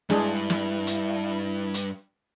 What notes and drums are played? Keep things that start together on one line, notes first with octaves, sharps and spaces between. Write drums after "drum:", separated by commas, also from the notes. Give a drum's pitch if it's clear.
G2 G#3 D4 E4 G#4, drum: snare
drum: snare
drum: hi-hat
drum: hi-hat